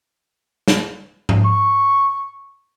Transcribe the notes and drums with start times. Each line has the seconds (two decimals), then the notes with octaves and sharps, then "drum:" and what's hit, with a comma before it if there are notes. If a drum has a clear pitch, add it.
0.68 drum: snare
1.29 drum: tom G#2
1.45 C#6